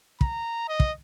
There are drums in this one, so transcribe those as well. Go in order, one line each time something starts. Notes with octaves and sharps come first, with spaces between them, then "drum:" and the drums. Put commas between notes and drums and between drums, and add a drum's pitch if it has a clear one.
A#5, drum: kick
D#5
drum: kick